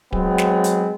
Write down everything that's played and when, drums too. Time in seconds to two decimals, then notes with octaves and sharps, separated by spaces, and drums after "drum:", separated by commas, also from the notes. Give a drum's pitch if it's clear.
0.13 F#3 G#3 B3 C4, drum: kick D1
0.38 drum: snare
0.64 drum: hi-hat